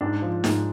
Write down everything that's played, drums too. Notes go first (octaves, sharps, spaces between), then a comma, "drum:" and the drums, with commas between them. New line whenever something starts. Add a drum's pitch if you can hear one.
G#2 D4
F3
G#2, drum: snare D#4